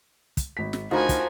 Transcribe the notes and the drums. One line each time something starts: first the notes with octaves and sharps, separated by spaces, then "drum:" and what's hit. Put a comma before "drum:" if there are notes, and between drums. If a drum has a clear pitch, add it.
drum: kick, hi-hat
G#1 B6
drum: snare
D2 F3 D#4 F#4 A#4 G#5 B5
drum: kick, hi-hat